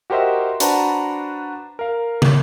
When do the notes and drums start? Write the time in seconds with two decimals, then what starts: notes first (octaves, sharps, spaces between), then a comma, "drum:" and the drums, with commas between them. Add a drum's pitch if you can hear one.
0.10 F#4 G4 A#4 C5 D#5 E5
0.60 D4 F#4 B4 C5 A5 A#5, drum: hi-hat
1.79 A#4 F5
2.22 drum: tom